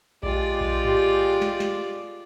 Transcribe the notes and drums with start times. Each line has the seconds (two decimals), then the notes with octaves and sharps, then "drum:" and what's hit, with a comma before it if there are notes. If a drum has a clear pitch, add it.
0.23 G#3 F4 G4 D5, drum: kick A#1
0.61 drum: kick A#1
0.85 drum: tom G#2
1.42 drum: snare
1.60 drum: snare